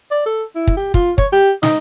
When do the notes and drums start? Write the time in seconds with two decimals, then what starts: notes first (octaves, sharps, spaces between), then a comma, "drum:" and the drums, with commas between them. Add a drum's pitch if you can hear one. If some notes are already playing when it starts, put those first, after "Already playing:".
0.11 D5
0.26 A4
0.56 E4
0.67 drum: kick
0.77 G4
0.94 F4, drum: kick
1.18 C#5, drum: kick
1.33 G4
1.63 D#4, drum: snare